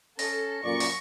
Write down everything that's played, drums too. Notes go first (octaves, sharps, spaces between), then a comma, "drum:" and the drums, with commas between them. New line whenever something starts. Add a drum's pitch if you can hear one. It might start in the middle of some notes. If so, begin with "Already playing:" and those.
C#4 A4 A#6, drum: open hi-hat
F#2 A#2 D5 C#6
drum: open hi-hat